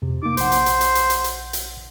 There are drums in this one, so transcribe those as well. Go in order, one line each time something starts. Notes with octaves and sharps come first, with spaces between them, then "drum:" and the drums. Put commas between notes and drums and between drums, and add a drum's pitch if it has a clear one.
F2 C3
A#3 D#4 D6
A#1 C5 F#5, drum: hi-hat
drum: hi-hat
drum: hi-hat
drum: hi-hat
drum: hi-hat
drum: hi-hat
drum: hi-hat
drum: hi-hat